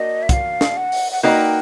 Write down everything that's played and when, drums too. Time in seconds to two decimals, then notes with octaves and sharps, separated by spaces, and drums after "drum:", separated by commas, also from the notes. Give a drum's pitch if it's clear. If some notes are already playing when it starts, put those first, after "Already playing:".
Already playing: A#3 D4 F#4 D#5
0.23 E5
0.29 F#5, drum: kick, hi-hat
0.33 F5
0.61 drum: snare
0.77 F#5
0.92 drum: open hi-hat
1.12 F#5
1.23 A#3 D#4 F#4 B4 D5 G5